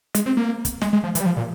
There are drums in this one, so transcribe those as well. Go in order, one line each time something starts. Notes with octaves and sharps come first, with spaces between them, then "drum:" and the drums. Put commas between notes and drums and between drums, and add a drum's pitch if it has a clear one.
G#3, drum: hi-hat
C4
A#3
drum: kick, hi-hat
G#3, drum: snare
G#3
F3
E3, drum: hi-hat
G3
F3
A#2